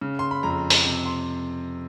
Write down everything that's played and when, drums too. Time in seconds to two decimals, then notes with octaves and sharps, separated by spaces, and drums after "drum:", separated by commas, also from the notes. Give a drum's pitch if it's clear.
0.01 C#3
0.19 C6
0.31 B5
0.43 F2 A#5
0.70 drum: open hi-hat
0.85 C3
1.05 C6